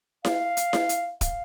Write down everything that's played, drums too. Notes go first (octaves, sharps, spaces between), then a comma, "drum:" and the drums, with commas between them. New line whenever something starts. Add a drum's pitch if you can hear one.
F5, drum: snare E4
drum: hi-hat
drum: snare E4
drum: hi-hat
F5, drum: kick D1, hi-hat